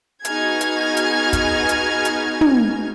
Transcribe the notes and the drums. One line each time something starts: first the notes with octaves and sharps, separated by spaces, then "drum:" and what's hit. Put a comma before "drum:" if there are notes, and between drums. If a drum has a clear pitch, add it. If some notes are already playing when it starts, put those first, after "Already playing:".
B3 D#4 F#4 G#4 F6 G#6, drum: hi-hat
drum: hi-hat
drum: hi-hat
drum: kick, hi-hat
drum: hi-hat
drum: hi-hat
drum: tom